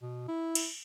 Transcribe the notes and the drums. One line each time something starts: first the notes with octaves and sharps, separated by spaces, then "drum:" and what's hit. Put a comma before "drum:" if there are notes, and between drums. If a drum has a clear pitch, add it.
B2
E4
drum: cymbal